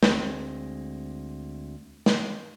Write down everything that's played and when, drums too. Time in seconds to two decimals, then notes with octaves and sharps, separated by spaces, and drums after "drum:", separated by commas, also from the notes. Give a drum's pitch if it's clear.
0.03 D2 G#3 C4, drum: snare
2.06 drum: snare